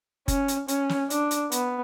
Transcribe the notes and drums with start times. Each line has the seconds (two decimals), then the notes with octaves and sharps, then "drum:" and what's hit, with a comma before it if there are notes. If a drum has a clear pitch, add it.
0.28 C#4, drum: kick F#1, hi-hat
0.48 drum: hi-hat
0.68 C#4, drum: hi-hat
0.89 drum: snare
1.10 D4, drum: hi-hat
1.31 drum: hi-hat
1.52 B3, drum: hi-hat